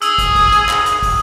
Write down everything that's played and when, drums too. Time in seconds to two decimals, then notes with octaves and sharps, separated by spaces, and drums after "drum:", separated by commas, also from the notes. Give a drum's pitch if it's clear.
0.02 G#4 D#6 E6, drum: hi-hat
0.18 drum: kick, hi-hat
0.35 drum: kick, open hi-hat
0.52 drum: hi-hat
0.69 drum: clap
0.86 drum: hi-hat
1.03 drum: kick, open hi-hat